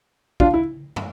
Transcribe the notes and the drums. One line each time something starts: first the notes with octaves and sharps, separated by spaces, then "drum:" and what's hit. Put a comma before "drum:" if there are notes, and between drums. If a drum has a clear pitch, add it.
D4 F4, drum: kick
E4
drum: tom